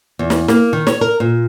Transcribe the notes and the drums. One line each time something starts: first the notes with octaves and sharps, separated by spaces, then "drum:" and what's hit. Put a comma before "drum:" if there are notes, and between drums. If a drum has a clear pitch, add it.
E2
drum: snare
A#3, drum: snare
D#3
C#5, drum: snare
A#4
A#2